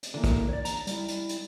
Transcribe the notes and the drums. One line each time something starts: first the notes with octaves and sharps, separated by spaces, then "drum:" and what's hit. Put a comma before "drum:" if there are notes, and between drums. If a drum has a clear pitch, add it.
drum: hi-hat
D3 E3 A#3
drum: kick, hi-hat
C#5 D5
A#5, drum: hi-hat
G3 E4, drum: hi-hat
drum: hi-hat
drum: hi-hat